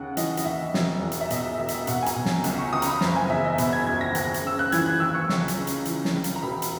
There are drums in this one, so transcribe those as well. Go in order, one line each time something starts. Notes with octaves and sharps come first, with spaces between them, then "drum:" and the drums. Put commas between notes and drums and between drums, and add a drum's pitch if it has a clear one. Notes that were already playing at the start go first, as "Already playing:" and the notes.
Already playing: D#2 C#3 F#5
E3 D#5, drum: hi-hat
D#5, drum: hi-hat
D#2 E5
E1, drum: snare
E2
drum: hi-hat
E5
B2 D#5, drum: hi-hat
E1 E5
drum: hi-hat
B2 F#5, drum: hi-hat
G#5
A#5, drum: hi-hat
B2
drum: snare
C#2, drum: hi-hat
C#6
C#2 D#6
A#5, drum: hi-hat
B5
F#1 A#5, drum: snare
G#5
E2 E5
D#5
B2 B5, drum: hi-hat
G#6
F#1 G#6
A#6
D#2 A#6, drum: hi-hat
drum: hi-hat
C#3 E6
F#6
E3 G#6, drum: hi-hat
F#6
D#2 E6
C#6
C#2, drum: snare
drum: hi-hat
C#3
drum: hi-hat
E3, drum: hi-hat
drum: snare
C#2
drum: hi-hat
A#5
E1 B5
drum: hi-hat